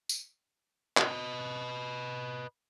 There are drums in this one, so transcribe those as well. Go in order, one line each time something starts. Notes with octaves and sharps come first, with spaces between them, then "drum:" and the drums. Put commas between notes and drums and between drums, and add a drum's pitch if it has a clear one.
drum: tambourine
B4 D#5, drum: clap